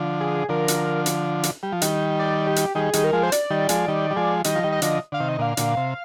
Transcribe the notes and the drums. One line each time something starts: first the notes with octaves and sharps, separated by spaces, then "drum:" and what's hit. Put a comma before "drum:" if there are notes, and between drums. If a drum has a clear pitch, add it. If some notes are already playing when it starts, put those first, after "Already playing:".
Already playing: D3 F3
G#4
D3 F3 A#4
drum: hi-hat
drum: hi-hat
drum: hi-hat
G3
F3
D#3 G3, drum: hi-hat
D5
G4
drum: hi-hat
D#3 G3 G#4
D#3 G3, drum: hi-hat
A#4
F3 G#3
C5
D5, drum: hi-hat
D#3 G3
F3 G#3, drum: hi-hat
D#3 G3
G3
F3 G#3
D#3 G3 D#5, drum: hi-hat
F3
D#3 G3
D#5
D3 F3, drum: hi-hat
D3 F5
C3 D#3
D#5
A#2 D3 F5
A#2 D3, drum: hi-hat
C3